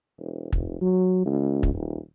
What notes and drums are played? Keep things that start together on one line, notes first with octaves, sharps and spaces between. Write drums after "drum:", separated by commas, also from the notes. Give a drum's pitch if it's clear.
E1
F1, drum: kick
F#3
C#2
drum: kick
D#1